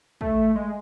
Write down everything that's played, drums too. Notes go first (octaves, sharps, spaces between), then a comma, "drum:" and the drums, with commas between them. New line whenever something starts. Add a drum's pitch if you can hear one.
A3, drum: kick
G#3